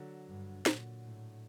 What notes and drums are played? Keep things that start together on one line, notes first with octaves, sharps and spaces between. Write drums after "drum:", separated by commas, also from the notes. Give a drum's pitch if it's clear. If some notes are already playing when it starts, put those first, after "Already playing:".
Already playing: D3 F#3
G2
A#2, drum: snare
A2